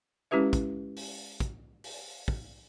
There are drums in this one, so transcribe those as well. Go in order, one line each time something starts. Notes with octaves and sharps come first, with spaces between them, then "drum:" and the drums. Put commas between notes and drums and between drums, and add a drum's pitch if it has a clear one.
G#3 C#4 E4 G4 B4 E5
drum: kick, hi-hat
drum: open hi-hat
drum: kick, hi-hat
drum: open hi-hat
drum: kick